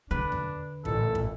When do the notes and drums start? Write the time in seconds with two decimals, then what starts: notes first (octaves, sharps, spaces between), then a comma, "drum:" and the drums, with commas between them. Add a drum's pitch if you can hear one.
0.11 D3 D4 B4
0.32 drum: tom E2
0.85 A1 A#2 E3 A4, drum: kick
1.15 drum: kick